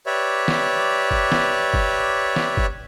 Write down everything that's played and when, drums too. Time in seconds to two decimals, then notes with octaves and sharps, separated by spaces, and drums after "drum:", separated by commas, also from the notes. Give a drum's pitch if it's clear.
0.06 G4 B4 C#5 D5 E5
0.48 drum: snare
1.11 drum: kick G1
1.32 drum: snare
1.74 drum: kick G1
2.36 drum: snare
2.57 drum: kick G1